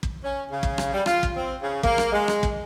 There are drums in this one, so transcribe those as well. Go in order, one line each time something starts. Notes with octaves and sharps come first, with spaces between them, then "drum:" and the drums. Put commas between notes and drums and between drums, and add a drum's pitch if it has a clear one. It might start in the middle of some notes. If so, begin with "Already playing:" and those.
drum: kick
C#4
C#3
drum: kick
drum: rim click
G3
F4, drum: rim click
drum: kick
C4
C#3
A#3, drum: kick
drum: rim click
G#3
drum: rim click
drum: kick